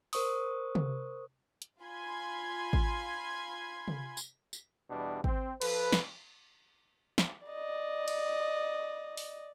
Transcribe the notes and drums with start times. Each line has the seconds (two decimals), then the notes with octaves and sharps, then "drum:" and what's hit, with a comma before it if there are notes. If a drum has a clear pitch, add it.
0.13 A#4 C5 C#6 D#6, drum: open hi-hat
0.75 drum: tom
1.62 drum: hi-hat
1.82 F4 G#5 B5 C6 G#6
2.73 drum: kick G#1
3.88 drum: tom C3
4.17 drum: tambourine
4.53 drum: tambourine
4.90 E2 B2 G3 D4
5.24 C4, drum: kick G#1
5.62 F3 A4 B4, drum: cymbal
5.92 drum: snare
7.18 drum: snare
7.47 D5 D#5
8.08 drum: cymbal
9.17 drum: open hi-hat